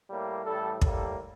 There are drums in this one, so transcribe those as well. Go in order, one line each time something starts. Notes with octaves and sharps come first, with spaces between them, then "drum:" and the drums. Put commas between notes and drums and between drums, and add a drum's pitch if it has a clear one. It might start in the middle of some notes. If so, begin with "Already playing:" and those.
A2 G3 A#3
A1 A2 G3 A4
A2 G3 A#3 A4, drum: kick